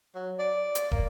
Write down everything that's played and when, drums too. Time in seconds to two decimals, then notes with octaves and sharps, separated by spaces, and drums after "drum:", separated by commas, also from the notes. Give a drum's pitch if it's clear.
0.15 F#3
0.39 D5
0.75 drum: hi-hat
0.91 A#3, drum: kick